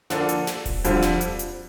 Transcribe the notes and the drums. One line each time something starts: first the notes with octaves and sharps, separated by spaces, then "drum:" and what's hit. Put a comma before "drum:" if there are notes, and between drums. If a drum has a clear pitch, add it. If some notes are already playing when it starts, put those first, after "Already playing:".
D3 F3 A#3 D4 A4, drum: snare
drum: hi-hat
drum: snare
drum: kick D#1, open hi-hat
F2 D3 G3 C4 F4, drum: hi-hat
drum: snare
drum: hi-hat
drum: hi-hat